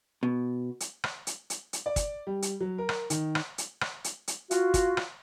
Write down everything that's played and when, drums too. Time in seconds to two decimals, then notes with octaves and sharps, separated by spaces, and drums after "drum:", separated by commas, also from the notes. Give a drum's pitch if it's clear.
0.23 B2
0.80 drum: hi-hat
1.04 drum: rim click
1.27 drum: hi-hat
1.50 drum: hi-hat
1.73 drum: hi-hat
1.86 D5
1.96 drum: kick, hi-hat
2.27 G3
2.42 drum: hi-hat
2.61 F#3
2.78 A#4
2.89 drum: rim click
3.10 D#3, drum: hi-hat
3.35 drum: rim click
3.58 drum: hi-hat
3.81 drum: rim click
4.04 drum: hi-hat
4.28 drum: hi-hat
4.51 F4 F#4, drum: hi-hat
4.74 drum: kick, hi-hat
4.97 drum: rim click